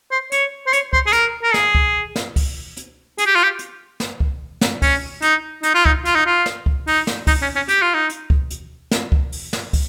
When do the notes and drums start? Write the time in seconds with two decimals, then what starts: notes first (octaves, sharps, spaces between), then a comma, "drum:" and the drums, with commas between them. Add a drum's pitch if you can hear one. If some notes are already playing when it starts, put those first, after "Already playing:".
0.11 C5
0.32 C#5, drum: hi-hat
0.67 C5
0.73 C#5, drum: hi-hat
0.93 C5, drum: kick
1.07 G#4
1.13 A#4, drum: hi-hat
1.43 A#4
1.54 G#4, drum: snare
1.75 drum: kick
2.16 drum: snare
2.36 drum: kick, open hi-hat
2.77 drum: hi-hat
3.18 G#4, drum: hi-hat
3.26 G4
3.35 F4
3.43 G4
3.59 drum: hi-hat
4.00 drum: snare
4.20 drum: kick
4.61 drum: snare
4.82 C#4, drum: kick, open hi-hat
5.22 D#4, drum: hi-hat
5.63 D#4, drum: hi-hat
5.74 F4
5.86 D#4, drum: kick
6.05 F4, drum: hi-hat
6.15 D#4
6.26 F4
6.46 drum: snare
6.66 drum: kick
6.87 D#4, drum: open hi-hat
7.07 drum: snare
7.27 D#4, drum: kick, open hi-hat
7.42 C#4
7.56 C#4
7.69 G4, drum: hi-hat
7.82 F4
7.94 D#4
8.10 drum: hi-hat
8.30 drum: kick
8.50 drum: hi-hat
8.91 drum: snare
9.12 drum: kick
9.32 drum: open hi-hat
9.53 drum: snare
9.73 drum: kick, open hi-hat